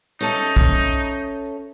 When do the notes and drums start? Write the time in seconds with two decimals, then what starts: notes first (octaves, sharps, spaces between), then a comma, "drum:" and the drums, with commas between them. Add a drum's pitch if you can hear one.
0.21 C#4 D#4 A4 E5
0.56 drum: kick